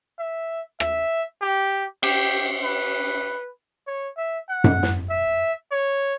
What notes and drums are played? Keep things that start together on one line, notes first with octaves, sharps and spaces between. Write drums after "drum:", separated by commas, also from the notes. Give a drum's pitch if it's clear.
E5
E5, drum: rim click
G4
G4, drum: cymbal
B4
C#5
E5
F#5
drum: tom F#2
drum: snare
E5
C#5